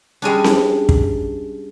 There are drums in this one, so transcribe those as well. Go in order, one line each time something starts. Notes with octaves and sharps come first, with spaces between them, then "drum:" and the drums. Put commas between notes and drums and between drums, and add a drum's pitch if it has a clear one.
G3 G#3 C#4 D4
drum: snare C4
drum: kick